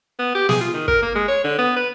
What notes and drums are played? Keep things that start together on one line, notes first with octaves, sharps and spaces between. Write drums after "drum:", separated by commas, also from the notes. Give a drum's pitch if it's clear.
B3
G4
G#4, drum: snare
F4
D#3
A#4, drum: kick
A#3
G#3
C#5
D3
B3
B4